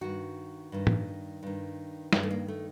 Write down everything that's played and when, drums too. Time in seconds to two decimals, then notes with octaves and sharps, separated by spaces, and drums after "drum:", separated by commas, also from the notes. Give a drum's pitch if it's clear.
0.01 G2 D#3 F#4
0.72 G2 D#3
0.87 drum: tom A2
1.43 G2 D#3
2.13 G2 D#3 G3, drum: snare
2.23 A3
2.31 A#3
2.48 A3